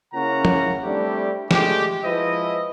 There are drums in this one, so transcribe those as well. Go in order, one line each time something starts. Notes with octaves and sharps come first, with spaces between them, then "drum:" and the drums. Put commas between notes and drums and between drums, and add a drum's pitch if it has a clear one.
C#3 A#3 C#4 E4 F#5 A#5
drum: tom F3
G3 A3 C4 D4 E4 G4
G#3 A3 D4 G4, drum: snare
F3 G#3 E4 B4 D#5